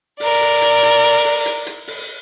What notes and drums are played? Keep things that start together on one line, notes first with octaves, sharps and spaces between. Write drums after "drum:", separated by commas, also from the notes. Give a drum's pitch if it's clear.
A#4 D5, drum: open hi-hat
drum: open hi-hat
drum: hi-hat
drum: hi-hat
drum: open hi-hat
drum: open hi-hat
drum: hi-hat
drum: hi-hat
drum: open hi-hat